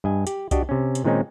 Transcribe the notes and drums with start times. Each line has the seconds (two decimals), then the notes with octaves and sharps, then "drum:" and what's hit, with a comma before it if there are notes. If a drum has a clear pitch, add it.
0.04 G2 D#5 G#5
0.27 G4, drum: hi-hat
0.51 D4 F#4 G4 D#5, drum: kick C2, hi-hat
0.69 C3 C#4
0.95 drum: hi-hat
1.04 A#2 D#3 G#3 C4 C#4 D#4